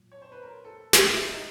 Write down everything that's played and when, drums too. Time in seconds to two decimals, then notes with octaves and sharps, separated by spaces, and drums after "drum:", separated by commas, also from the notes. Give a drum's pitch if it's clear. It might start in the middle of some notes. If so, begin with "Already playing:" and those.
Already playing: A#2 F#3
0.12 C#5
0.22 C5
0.32 B4
0.43 A#4
0.65 A4
0.93 drum: snare
1.10 E4
1.27 D#4